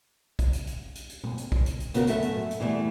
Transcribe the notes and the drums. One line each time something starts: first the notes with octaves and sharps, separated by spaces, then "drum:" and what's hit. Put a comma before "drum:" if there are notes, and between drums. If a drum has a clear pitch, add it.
drum: kick, hi-hat
drum: hi-hat
drum: hi-hat
drum: hi-hat
drum: hi-hat
drum: tom A#2
drum: hi-hat
drum: kick
drum: hi-hat
drum: hi-hat
C#3 B3 F#4 A#4, drum: hi-hat
F#2 A3 A4 E5, drum: hi-hat
drum: hi-hat
drum: tom A2
drum: hi-hat
E2 E3 F#3 G3 A3